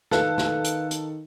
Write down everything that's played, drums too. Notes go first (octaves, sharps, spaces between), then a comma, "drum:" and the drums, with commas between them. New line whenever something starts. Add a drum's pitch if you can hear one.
D#3 A4 B4 F5 F#6, drum: snare
drum: snare
drum: hi-hat
drum: hi-hat